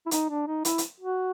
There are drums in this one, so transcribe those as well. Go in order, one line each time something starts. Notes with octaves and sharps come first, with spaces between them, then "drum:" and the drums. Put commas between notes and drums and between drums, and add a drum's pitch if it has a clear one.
E4
D#4, drum: hi-hat
D4
D#4
E4, drum: hi-hat
drum: hi-hat
F#4